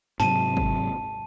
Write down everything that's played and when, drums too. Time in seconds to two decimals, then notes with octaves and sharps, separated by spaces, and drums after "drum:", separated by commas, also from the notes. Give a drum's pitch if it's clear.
0.20 G#2 C3 F#3 A5 D#7, drum: snare
0.57 drum: kick